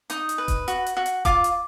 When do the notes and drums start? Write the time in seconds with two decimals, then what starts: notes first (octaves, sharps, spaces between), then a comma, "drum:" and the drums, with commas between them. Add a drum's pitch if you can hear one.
0.10 D#4 D#6, drum: hi-hat
0.29 drum: hi-hat
0.38 B4
0.48 drum: kick D#1, hi-hat
0.68 F#4, drum: hi-hat
0.86 drum: hi-hat
0.97 F#4
1.06 drum: hi-hat
1.25 F4 D6, drum: kick D#1, hi-hat
1.44 drum: hi-hat